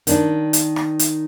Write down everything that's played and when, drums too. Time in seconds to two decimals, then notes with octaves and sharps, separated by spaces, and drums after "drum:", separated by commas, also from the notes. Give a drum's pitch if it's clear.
0.07 D#3 D4, drum: hi-hat
0.53 drum: hi-hat
0.76 drum: rim click
0.99 drum: hi-hat